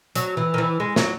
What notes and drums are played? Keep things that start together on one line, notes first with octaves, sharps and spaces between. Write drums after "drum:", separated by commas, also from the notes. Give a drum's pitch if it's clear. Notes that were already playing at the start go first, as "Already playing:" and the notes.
F#3, drum: hi-hat
E3
D#3
E3
G#3
F#3, drum: snare